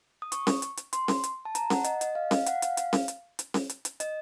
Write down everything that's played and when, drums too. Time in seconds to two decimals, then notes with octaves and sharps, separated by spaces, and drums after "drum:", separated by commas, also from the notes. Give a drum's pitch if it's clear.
0.22 D#6
0.32 C#6, drum: hi-hat
0.47 drum: snare C#4
0.62 drum: hi-hat
0.77 drum: hi-hat
0.93 C6, drum: hi-hat
1.08 drum: snare C#4
1.24 drum: hi-hat
1.45 A5
1.55 A#5, drum: hi-hat
1.70 F#5, drum: snare C#4
1.84 D#5, drum: hi-hat
2.01 D#5, drum: hi-hat
2.15 F5
2.31 F5, drum: snare C#4
2.46 F#5, drum: hi-hat
2.62 F5, drum: hi-hat
2.77 drum: hi-hat
2.93 drum: snare C#4
3.08 drum: hi-hat
3.39 drum: hi-hat
3.54 drum: snare C#4
3.70 drum: hi-hat
3.85 drum: hi-hat
4.00 D#5, drum: hi-hat